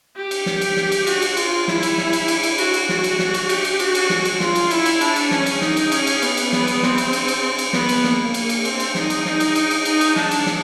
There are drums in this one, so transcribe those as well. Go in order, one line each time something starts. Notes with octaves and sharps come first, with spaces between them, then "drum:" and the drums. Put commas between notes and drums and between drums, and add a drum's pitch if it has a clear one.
G4
drum: cymbal
drum: snare
drum: cymbal
drum: snare
drum: cymbal
F#4, drum: cymbal
drum: cymbal
F4, drum: cymbal
E4, drum: snare
drum: cymbal
drum: snare
drum: cymbal
drum: cymbal
drum: cymbal
F#4, drum: cymbal
drum: cymbal
F#4, drum: snare
drum: cymbal
drum: snare
drum: cymbal
G4, drum: cymbal
drum: cymbal
F#4, drum: cymbal
drum: cymbal
F#4, drum: snare
drum: cymbal
F4, drum: snare
drum: cymbal
E4, drum: cymbal
drum: cymbal
D4, drum: cymbal
drum: cymbal
C#4, drum: snare
drum: cymbal
D#4, drum: snare
drum: cymbal
C#4, drum: cymbal
drum: cymbal
B3, drum: cymbal
drum: cymbal
B3, drum: snare
drum: cymbal
C4, drum: snare
drum: cymbal
drum: cymbal
drum: cymbal
drum: cymbal
B3, drum: snare
drum: cymbal
A#3, drum: snare
drum: cymbal
drum: cymbal
C4, drum: cymbal
drum: cymbal
D#4, drum: snare
drum: cymbal
D#4, drum: snare
drum: cymbal
drum: cymbal
drum: cymbal
D#4, drum: cymbal
drum: cymbal
D4, drum: snare
drum: cymbal
drum: snare